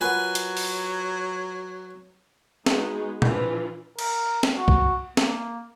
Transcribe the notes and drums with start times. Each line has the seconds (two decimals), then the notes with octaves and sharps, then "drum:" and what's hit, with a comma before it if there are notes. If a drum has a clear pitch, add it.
0.01 F#3 F4 A#4 B4 F#5 G#5
0.35 drum: hi-hat
0.57 drum: open hi-hat
2.66 G#3 B3 D#4 F#4 G#4, drum: snare
3.22 E3 F3 D4 F4, drum: tom A#2
3.99 A#4, drum: cymbal
4.43 drum: snare
4.56 F#4
4.68 drum: kick
5.17 A#3, drum: snare